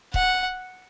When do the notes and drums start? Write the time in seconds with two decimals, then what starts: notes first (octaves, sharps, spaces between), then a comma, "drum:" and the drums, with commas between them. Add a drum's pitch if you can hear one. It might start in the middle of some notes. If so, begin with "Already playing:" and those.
0.14 F#5, drum: kick C#1